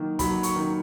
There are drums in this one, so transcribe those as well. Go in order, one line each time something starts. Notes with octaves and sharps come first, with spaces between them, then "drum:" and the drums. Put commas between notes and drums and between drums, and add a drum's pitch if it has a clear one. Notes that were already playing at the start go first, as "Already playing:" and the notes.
Already playing: D#3 F#3 A#3
F#3 B5, drum: kick, hi-hat
C#6, drum: hi-hat
D#3